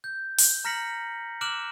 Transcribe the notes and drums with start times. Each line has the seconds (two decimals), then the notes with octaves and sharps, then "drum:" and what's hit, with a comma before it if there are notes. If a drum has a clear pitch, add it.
0.04 G6
0.39 drum: open hi-hat
0.65 A#5 F6 A#6 B6 C#7 F#7
1.41 D6 F6 F#6 D7 E7 F#7